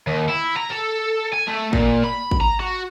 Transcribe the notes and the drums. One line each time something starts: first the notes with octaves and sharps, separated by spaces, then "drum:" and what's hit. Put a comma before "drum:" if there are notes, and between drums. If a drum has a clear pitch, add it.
D#2
E4
A#5
A4
G#5
A3
A#2, drum: kick
B5
drum: kick
A#5
F#4